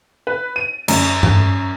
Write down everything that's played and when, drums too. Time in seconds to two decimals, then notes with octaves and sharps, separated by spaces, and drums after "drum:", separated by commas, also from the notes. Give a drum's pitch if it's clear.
0.27 B4
0.56 D#7
0.88 F#2, drum: cymbal
1.23 drum: tom G2